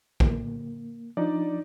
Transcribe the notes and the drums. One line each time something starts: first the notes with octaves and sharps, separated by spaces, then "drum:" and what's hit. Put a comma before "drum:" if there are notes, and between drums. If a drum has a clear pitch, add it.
A#3, drum: kick
F3 D4 D#4 D5